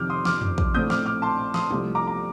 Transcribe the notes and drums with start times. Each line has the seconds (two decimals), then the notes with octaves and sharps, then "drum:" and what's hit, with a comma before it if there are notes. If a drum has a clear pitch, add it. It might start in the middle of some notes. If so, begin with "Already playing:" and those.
Already playing: F2 C3 D#3 D6 F6 G6
0.10 C6 D#6
0.25 D6 F6, drum: snare
0.42 drum: tom F2
0.58 drum: kick
0.74 A#1 A2 A3 C4 D#6 G6
0.90 D6 F6, drum: snare
1.06 D6 F6
1.22 A5 C6
1.54 C6 D#6, drum: snare
1.71 C2 C3 F3 A3, drum: tom G3
1.95 A#5 D6
2.07 A#5